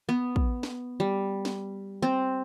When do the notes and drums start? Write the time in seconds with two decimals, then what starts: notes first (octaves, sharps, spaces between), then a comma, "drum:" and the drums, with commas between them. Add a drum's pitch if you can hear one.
0.09 B3
0.36 drum: kick
0.63 drum: snare
1.00 G3
1.45 drum: snare
2.02 C4